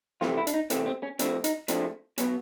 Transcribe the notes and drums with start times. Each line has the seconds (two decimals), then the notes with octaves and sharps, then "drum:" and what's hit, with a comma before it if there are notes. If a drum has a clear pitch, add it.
0.21 C3 E3 A3 C4 F4, drum: snare
0.37 E4
0.47 D4, drum: hi-hat
0.54 D#4
0.70 C3 E3 A3 C4 C#4, drum: hi-hat
0.86 C4
1.03 C#4
1.19 A2 F3 A3 C4 D4, drum: hi-hat
1.44 D#4, drum: hi-hat
1.68 A2 F3 A3 C4 D4, drum: hi-hat
2.18 B2 F#3 B3 C#4, drum: hi-hat